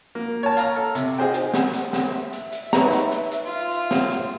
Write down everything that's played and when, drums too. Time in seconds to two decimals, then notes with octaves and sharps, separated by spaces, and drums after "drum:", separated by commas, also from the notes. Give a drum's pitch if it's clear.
0.15 A#3
0.43 C#5 A5
0.57 F5 A#5 F6, drum: hi-hat
0.76 A4
0.95 C3, drum: hi-hat
1.18 D#4 G#4 C5 G5
1.34 drum: hi-hat
1.54 drum: snare
1.73 drum: hi-hat
1.93 drum: snare
2.08 E5
2.33 drum: hi-hat
2.52 drum: hi-hat
2.73 D#4 B4 C#5 A#5, drum: snare
2.92 drum: hi-hat
3.12 drum: hi-hat
3.32 drum: hi-hat
3.45 F4
3.71 drum: hi-hat
3.91 drum: snare
4.11 drum: hi-hat